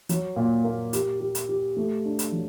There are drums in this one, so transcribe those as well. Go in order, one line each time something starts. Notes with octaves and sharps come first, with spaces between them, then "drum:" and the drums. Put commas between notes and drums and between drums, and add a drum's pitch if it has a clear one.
F#3, drum: hi-hat
A#2
A#3
G4, drum: hi-hat
G4
drum: hi-hat
G4
A3
D4
drum: hi-hat
F#3